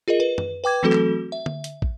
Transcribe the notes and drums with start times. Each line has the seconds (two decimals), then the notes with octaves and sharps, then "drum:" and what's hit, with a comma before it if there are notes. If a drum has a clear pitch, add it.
0.08 F4 G#4 A#4 D#5
0.20 B4
0.38 drum: tom F#2
0.64 B4 G5 D6 G#6
0.83 E3 F#3 A3 C4 F#4 A4
0.92 drum: clap
1.32 E5
1.46 drum: tom D3
1.64 drum: hi-hat
1.82 drum: kick